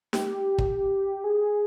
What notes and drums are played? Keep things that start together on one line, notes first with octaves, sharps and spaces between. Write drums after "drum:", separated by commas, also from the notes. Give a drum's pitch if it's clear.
G4, drum: snare
drum: kick
G#4